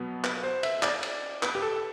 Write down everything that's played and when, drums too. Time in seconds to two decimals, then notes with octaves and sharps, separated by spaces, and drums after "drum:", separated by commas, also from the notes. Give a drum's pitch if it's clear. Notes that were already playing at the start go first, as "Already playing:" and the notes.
Already playing: B2 F#3 B3
0.24 B4, drum: clap
0.43 C5
0.63 E5, drum: cymbal
0.83 D5, drum: clap
1.03 drum: cymbal
1.43 B4, drum: clap
1.55 G4
1.62 A4